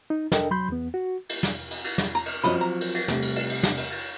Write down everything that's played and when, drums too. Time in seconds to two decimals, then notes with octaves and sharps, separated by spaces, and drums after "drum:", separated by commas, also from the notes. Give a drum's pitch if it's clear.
0.10 D#4
0.32 D4 A4 A#4 D#5 G5, drum: snare
0.51 F#3 B5 C6 G6
0.69 E2 B3
0.94 F#4
1.29 drum: cymbal
1.43 drum: snare
1.71 drum: cymbal
1.84 drum: cymbal
1.98 drum: snare
2.15 A#5
2.26 drum: cymbal
2.44 F#2 F3 F#3 C4 D#5 B5
2.61 A#5
2.81 drum: cymbal
2.95 drum: cymbal
3.08 C3 G3 A3, drum: snare
3.22 drum: cymbal
3.36 drum: cymbal
3.50 drum: cymbal
3.63 drum: snare
3.77 drum: cymbal
3.91 drum: cymbal